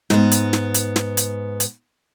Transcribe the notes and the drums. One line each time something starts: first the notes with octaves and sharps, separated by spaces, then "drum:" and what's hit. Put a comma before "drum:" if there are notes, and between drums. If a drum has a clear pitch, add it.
G#2 B3, drum: snare
drum: hi-hat
drum: snare
drum: hi-hat
drum: snare
drum: hi-hat
drum: hi-hat